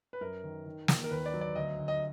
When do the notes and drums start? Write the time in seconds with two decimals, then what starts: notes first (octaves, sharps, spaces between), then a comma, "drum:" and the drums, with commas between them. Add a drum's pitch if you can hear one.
0.13 B4
0.21 F#2 A#4
0.44 D#3
0.66 D#3
0.88 D#3, drum: snare
1.04 A#4
1.11 D#2 B4
1.26 D5
1.34 F#3
1.41 D5
1.55 D2 D#5
1.78 D2
1.88 D#5